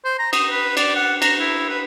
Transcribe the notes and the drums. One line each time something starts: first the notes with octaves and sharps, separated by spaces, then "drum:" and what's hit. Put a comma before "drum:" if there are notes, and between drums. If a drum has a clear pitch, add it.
C5
A#5
D#6, drum: cymbal
B4
D5, drum: cymbal
F#5
A#5, drum: cymbal
E4
B4